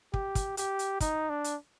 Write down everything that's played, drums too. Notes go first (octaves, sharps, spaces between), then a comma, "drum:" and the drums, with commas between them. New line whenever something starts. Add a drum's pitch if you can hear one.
G4, drum: kick
drum: kick, hi-hat
G4, drum: hi-hat
drum: hi-hat
D#4, drum: kick, hi-hat
D4
drum: hi-hat